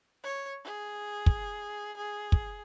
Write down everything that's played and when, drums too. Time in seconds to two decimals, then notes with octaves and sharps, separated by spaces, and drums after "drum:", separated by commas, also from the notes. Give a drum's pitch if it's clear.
0.23 C#5
0.65 G#4
1.26 drum: kick
1.97 G#4
2.32 drum: kick